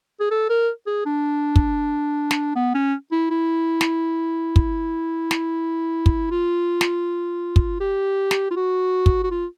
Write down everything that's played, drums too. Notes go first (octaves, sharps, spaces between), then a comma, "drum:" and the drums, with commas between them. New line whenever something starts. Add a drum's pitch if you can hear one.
G#4
A4
A#4
G#4
D4
drum: kick
drum: snare
B3
C#4
E4
E4
drum: snare
drum: kick
drum: snare
drum: kick
F4
drum: snare
drum: kick
G4
drum: snare
F4
F#4
drum: kick
F#4
F4